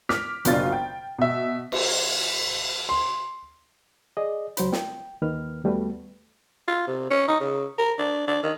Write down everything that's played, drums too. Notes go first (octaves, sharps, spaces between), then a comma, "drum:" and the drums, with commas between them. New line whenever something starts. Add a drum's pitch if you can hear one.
D6 F6 B6, drum: snare
F#1 B2 D4 F4 A6, drum: hi-hat
G5
B2 E5
drum: cymbal
C6
G#4 D5 D#5
C#2 F#3 C5 B5, drum: hi-hat
G5, drum: snare
D#2 D#3 A#3 B4 F6
D#2 G3 A3 B3 F#4 B4
F4
C3
C#4
D#4
C#3
A#4
D4
D4
D#3